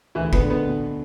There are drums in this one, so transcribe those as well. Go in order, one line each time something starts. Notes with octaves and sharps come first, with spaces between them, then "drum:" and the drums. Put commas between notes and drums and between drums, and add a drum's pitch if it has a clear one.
D2 E3 E4
B3 B4, drum: kick
D3
B3 B4
B2